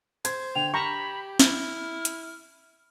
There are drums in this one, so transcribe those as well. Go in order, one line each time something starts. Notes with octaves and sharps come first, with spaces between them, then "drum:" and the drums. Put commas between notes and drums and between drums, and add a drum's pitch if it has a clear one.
C5 G#6, drum: hi-hat
D3 G5 F7
G4 A#5 B5 C#6 G6 E7
E4 F6, drum: snare
drum: hi-hat